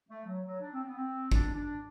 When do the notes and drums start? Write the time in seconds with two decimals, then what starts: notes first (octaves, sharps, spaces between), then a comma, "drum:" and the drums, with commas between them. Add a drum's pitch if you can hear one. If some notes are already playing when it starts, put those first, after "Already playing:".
0.09 A3
0.26 F#3
0.44 F#3
0.61 D4
0.73 C4
0.85 B3
0.96 C4
1.32 D4, drum: kick
1.54 D4